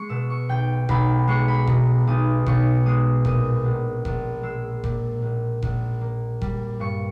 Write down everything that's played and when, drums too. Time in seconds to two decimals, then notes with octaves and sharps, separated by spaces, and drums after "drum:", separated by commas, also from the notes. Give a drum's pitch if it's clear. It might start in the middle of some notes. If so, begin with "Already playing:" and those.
Already playing: G#3 C#6
0.09 B2 E6
0.30 C#6
0.49 B1 G5
0.89 B1 B5, drum: kick F1
1.28 G#3 C#6
1.48 B5
1.67 B2 A#5, drum: kick F1
2.07 B1 D#6
2.46 B1 C#6, drum: kick F1
2.86 G#3 D#6
3.25 A#2 D#6, drum: kick F1
3.65 A#1
4.05 A#1, drum: kick F1
4.43 G#3 E6
4.84 A#2, drum: kick F1
5.22 A#1
5.62 A#1, drum: kick F1
6.01 A#3
6.41 G3, drum: kick F1
6.80 G2 C#6